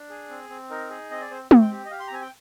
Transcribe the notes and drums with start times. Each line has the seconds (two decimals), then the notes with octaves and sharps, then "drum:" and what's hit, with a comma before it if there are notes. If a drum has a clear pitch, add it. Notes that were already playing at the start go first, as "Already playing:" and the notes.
Already playing: D4
0.10 G#4
0.29 C4
0.49 C4
0.70 D#4 A#4
0.90 G#4
1.11 C4 D#5
1.21 D5
1.31 C4 C5
1.51 C4, drum: tom
1.61 G5
1.71 G4
1.85 D#5
1.91 G4 F5
2.00 C6
2.07 A#5
2.12 C4 G#5
2.22 G5